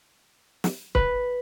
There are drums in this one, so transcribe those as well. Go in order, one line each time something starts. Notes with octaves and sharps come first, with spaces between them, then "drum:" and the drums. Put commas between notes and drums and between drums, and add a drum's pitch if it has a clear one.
drum: snare
B4, drum: kick